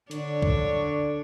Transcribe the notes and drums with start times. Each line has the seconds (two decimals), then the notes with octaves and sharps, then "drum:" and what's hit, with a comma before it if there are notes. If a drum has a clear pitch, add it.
0.11 D3 D4 C#5, drum: hi-hat
0.42 drum: kick